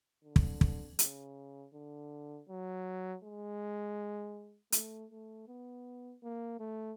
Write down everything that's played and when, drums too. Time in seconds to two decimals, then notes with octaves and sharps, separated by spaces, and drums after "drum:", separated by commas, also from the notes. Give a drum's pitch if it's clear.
0.24 D3
0.36 drum: kick
0.61 drum: kick
0.99 C#3, drum: hi-hat
1.74 D3
2.49 F#3
3.24 G#3
4.72 A3, drum: hi-hat
5.11 A3
5.48 B3
6.23 A#3
6.59 A3